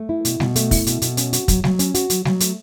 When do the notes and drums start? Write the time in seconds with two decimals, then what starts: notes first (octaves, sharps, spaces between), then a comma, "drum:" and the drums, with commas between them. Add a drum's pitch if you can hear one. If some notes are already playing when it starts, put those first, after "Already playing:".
Already playing: A3
0.09 E4
0.25 B2, drum: hi-hat
0.40 B2, drum: snare
0.56 A3, drum: hi-hat
0.71 E4, drum: kick, open hi-hat
0.87 B2, drum: hi-hat
1.02 B2, drum: hi-hat
1.17 C#4, drum: hi-hat
1.33 F#4, drum: hi-hat
1.48 F#3, drum: kick, hi-hat
1.64 F#3, drum: snare
1.79 C#4, drum: hi-hat
1.94 F#4, drum: hi-hat
2.10 F#3, drum: hi-hat
2.25 F#3, drum: snare
2.40 A3, drum: hi-hat